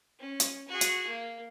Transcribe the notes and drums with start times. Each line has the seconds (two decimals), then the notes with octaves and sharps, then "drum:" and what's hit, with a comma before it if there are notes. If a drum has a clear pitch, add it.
0.19 C#4
0.40 drum: hi-hat
0.68 F#4 G#4
0.81 drum: hi-hat
1.08 A#3